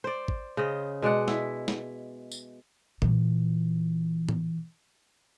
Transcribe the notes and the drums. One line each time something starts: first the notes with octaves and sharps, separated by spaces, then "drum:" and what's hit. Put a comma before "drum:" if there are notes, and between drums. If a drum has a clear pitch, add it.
C5 D5
drum: kick
C#3 C5 D#5
B2 G#3 D5 F#5
E4, drum: snare
drum: snare
drum: tambourine
A#2 E3, drum: tom B2
drum: tom A2